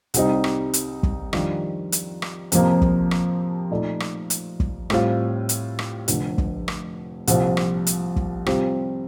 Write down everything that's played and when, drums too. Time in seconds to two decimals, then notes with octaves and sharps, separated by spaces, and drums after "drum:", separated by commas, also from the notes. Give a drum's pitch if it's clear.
0.14 C2 C3 G3 C4 D#4, drum: hi-hat
0.44 drum: rim click
0.74 drum: hi-hat
1.03 drum: kick
1.33 F2 D#3 G3 D4 F4, drum: rim click
1.92 drum: hi-hat
2.22 drum: rim click
2.52 F2 C3 F3 A#3, drum: hi-hat
2.81 drum: kick
3.11 drum: rim click
3.71 A#2 A3 D#4 A4 D5
4.00 drum: rim click
4.30 drum: hi-hat
4.60 drum: kick
4.90 A2 G3 C4 F4, drum: rim click
5.49 drum: hi-hat
5.79 drum: rim click
6.08 F1 F2 D3, drum: hi-hat
6.38 drum: kick
6.68 drum: rim click
7.27 C2 A#2 F3 C4 F4, drum: hi-hat
7.57 drum: rim click
7.87 drum: hi-hat
8.16 drum: kick
8.46 C3 G3 C4 F4, drum: rim click